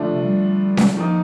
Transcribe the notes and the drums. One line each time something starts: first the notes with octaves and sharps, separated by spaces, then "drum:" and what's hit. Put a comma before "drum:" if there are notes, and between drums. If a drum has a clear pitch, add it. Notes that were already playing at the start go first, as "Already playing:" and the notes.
Already playing: D3 F3 A3 D4
C3
G3
drum: snare C#4
D#3 F3 A#3 D#4